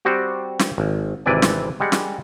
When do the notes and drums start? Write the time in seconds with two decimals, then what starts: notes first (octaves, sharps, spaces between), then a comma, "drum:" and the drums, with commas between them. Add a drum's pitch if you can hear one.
0.05 G3 C4 F#4 G4
0.59 drum: snare
0.78 G#1
1.26 G#1 C3 E3 B4 D5 G#5
1.42 drum: snare
1.80 G3 G#3 F#5
1.92 drum: snare